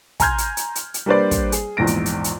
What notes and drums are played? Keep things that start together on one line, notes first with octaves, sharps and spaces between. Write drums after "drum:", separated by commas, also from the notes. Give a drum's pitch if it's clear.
G#5 A#5 C6 F6 G6 G#6, drum: kick, hi-hat
drum: hi-hat
drum: hi-hat
drum: hi-hat
drum: hi-hat
G3 A#3 D4 B4 C5 D5
drum: kick, hi-hat
G#4, drum: hi-hat
A#1 E2 G#2 A#6 D7
drum: hi-hat
drum: hi-hat
drum: hi-hat